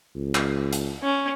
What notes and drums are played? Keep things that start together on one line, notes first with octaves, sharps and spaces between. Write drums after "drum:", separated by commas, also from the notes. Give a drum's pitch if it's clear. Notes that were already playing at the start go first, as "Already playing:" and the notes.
C#2
drum: clap
drum: hi-hat
C#4